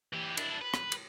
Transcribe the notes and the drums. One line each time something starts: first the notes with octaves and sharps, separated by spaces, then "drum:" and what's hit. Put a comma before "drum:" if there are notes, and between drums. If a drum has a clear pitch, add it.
E3 G4
D4 E4, drum: cymbal
B4
drum: rim click
drum: cymbal